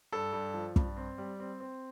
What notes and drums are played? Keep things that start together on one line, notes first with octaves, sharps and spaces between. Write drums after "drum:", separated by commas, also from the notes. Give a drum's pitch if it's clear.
G2 A4
G2
F3
G2, drum: kick
C4
G3
C4
C4